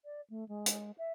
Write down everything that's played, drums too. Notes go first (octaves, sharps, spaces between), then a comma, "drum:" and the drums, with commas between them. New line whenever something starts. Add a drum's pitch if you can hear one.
D5
A3
G#3
drum: hi-hat
E5